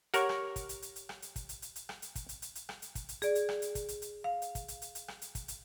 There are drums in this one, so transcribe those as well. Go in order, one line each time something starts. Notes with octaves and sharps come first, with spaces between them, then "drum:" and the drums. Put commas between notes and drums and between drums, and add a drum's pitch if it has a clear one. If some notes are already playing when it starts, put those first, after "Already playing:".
G4 A#4 C#5 F#5 C#6, drum: hi-hat
drum: rim click
drum: kick, hi-hat
drum: hi-hat
drum: hi-hat
drum: hi-hat
drum: rim click
drum: hi-hat
drum: kick, hi-hat
drum: hi-hat
drum: hi-hat
drum: hi-hat
drum: rim click
drum: hi-hat
drum: kick, hi-hat
drum: hi-hat
drum: hi-hat
drum: hi-hat
drum: rim click
drum: hi-hat
drum: kick, hi-hat
drum: hi-hat
G#4 D5, drum: hi-hat
drum: hi-hat
drum: rim click
drum: hi-hat
drum: kick, hi-hat
drum: hi-hat
drum: hi-hat
F5
drum: hi-hat
drum: kick, hi-hat
drum: hi-hat
drum: hi-hat
drum: hi-hat
drum: rim click
drum: hi-hat
drum: kick, hi-hat
drum: hi-hat